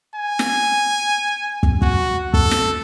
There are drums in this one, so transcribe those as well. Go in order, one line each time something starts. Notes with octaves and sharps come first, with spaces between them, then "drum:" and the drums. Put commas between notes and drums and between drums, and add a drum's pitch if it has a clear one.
G#5
drum: snare
drum: kick
F#4, drum: kick
A4, drum: kick
drum: snare